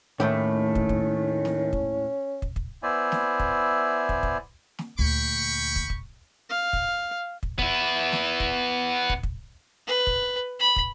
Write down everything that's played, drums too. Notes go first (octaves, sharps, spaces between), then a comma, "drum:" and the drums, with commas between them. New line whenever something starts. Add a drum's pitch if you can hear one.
D#2 A2 D#3 A3 C#4 G4
drum: kick
drum: kick
drum: snare
drum: kick
drum: kick
drum: kick
B3 E4 C5 D5 E5 G#5
drum: snare
drum: kick
drum: kick
drum: kick
drum: snare
D2 A#2 G5 B5 C#6
drum: kick
drum: kick
F5
drum: kick
drum: kick
B3 E4, drum: kick
drum: snare
drum: kick
drum: kick
drum: kick
B4
drum: kick
B5
drum: kick